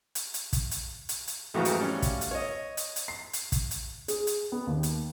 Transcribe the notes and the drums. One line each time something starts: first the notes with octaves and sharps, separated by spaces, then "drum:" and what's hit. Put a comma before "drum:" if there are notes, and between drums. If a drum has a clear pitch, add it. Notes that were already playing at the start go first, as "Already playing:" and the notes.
drum: hi-hat
drum: hi-hat
drum: kick, hi-hat
drum: hi-hat
drum: hi-hat
drum: hi-hat
F2 G#2 E3 A3 F#4 F5
drum: hi-hat
G3 C#4
drum: kick, hi-hat
drum: hi-hat
C#5 D#5
drum: hi-hat
drum: hi-hat
C7
drum: hi-hat
drum: kick, hi-hat
drum: hi-hat
G#4, drum: hi-hat
drum: hi-hat
B3
D#2
drum: hi-hat